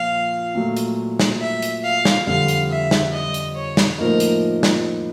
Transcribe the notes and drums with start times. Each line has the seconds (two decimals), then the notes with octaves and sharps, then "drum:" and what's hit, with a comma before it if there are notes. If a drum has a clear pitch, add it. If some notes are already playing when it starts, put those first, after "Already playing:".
Already playing: A#2 F3 F5
0.55 A#2 F#3 A3
0.77 drum: hi-hat
1.19 drum: snare
1.41 E5
1.62 drum: hi-hat
1.84 F5
2.05 drum: snare
2.27 F2 D3 G3 F5
2.48 drum: hi-hat
2.70 E5
2.91 drum: snare
3.12 D#5
3.34 drum: hi-hat
3.56 C#5
3.77 drum: snare
3.98 A2 F3 A#3 D#4 A#4
4.20 drum: hi-hat
4.63 drum: snare